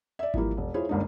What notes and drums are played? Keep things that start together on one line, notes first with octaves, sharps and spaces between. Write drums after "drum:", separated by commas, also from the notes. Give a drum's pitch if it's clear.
D5 E5
E3 F3 G3 A#3 E4, drum: kick G#1
E1
E4 F4 G#4 C5 C#5
G1 C#2 A#3 D4 D#4